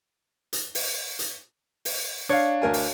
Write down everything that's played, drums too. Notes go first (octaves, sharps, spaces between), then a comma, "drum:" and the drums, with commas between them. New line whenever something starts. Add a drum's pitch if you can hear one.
drum: hi-hat
drum: open hi-hat
drum: hi-hat
drum: open hi-hat
D4 C#5 F5
D2 A#4 G#5
drum: open hi-hat